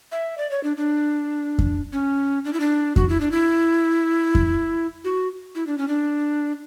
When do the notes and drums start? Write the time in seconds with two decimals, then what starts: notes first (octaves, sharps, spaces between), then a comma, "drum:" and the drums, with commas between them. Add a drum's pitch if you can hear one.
0.12 E5
0.38 D5
0.51 C#5
0.64 D4
0.77 D4
1.59 drum: kick F2
1.93 C#4
2.45 D4
2.53 E4
2.60 D4
2.96 F#4, drum: kick F2
3.09 E4
3.20 D4
3.31 E4
4.35 drum: kick F2
5.04 F#4
5.55 E4
5.67 D4
5.78 C#4
5.88 D4